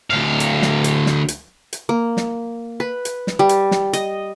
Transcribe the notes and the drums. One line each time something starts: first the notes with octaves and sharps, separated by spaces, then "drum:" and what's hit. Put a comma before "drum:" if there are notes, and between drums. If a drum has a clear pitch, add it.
D2 F5
drum: hi-hat
drum: snare
drum: hi-hat
drum: snare
drum: hi-hat
drum: hi-hat
A#3
drum: snare
B4
drum: hi-hat
drum: snare
G3
drum: hi-hat
drum: snare
D#5, drum: hi-hat